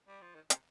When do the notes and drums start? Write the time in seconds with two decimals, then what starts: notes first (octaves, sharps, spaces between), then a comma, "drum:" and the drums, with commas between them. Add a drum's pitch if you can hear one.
0.08 G3
0.22 F3
0.35 D#3
0.50 C3, drum: hi-hat